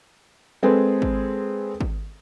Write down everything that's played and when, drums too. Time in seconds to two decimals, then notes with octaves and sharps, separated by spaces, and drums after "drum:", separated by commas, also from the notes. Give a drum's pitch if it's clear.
0.63 G#3 C4 G#4 A4 B4
1.02 drum: kick G#1
1.80 drum: kick G#1